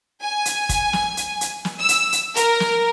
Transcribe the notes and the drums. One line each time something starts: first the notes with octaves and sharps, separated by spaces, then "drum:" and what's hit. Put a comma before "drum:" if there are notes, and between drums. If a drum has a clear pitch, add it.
G#5
drum: hi-hat
drum: kick, hi-hat
drum: snare
drum: hi-hat
drum: hi-hat
drum: snare
E6
drum: hi-hat
drum: hi-hat
A#4, drum: hi-hat
drum: snare